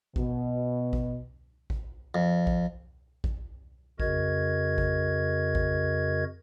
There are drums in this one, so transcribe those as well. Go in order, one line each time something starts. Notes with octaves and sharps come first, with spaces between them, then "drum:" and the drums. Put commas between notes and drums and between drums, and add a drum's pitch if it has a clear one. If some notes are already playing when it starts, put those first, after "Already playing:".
B2, drum: kick A1
drum: kick A1
drum: kick A1
F2
drum: kick A1
drum: kick A1
F2 C#3 F#4 A#4 D#5 G#6, drum: kick A1
drum: kick A1
drum: kick A1